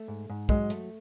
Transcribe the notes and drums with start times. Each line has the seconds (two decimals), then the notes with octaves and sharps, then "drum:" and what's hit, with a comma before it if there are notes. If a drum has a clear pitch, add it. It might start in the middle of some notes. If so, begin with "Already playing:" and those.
Already playing: A3
0.08 G#2
0.30 G#2
0.49 F#3 G#3, drum: kick
0.70 A3, drum: hi-hat